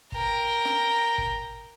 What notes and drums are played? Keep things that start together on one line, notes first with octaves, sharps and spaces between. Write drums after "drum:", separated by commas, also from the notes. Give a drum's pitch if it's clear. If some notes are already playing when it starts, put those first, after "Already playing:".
A#4 G5, drum: kick
drum: snare
drum: kick